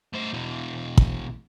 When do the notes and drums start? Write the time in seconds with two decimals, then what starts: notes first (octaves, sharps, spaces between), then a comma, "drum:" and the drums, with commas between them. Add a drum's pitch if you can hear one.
0.13 A2 C5
0.33 B2 E3
0.97 drum: kick